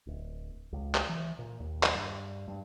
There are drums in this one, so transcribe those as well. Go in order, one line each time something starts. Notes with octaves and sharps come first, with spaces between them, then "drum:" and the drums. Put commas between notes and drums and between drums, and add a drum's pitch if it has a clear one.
D1
C#2
drum: clap
E3
A#2
D#2
drum: clap
G2
G2